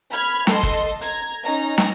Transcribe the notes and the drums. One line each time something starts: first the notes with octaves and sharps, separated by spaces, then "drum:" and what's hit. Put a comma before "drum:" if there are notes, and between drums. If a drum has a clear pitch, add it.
B5 F6 G#6
A4 D#5 C6, drum: snare
drum: kick, hi-hat
A#5 G#6, drum: hi-hat
C#4 D#4 A#5
drum: snare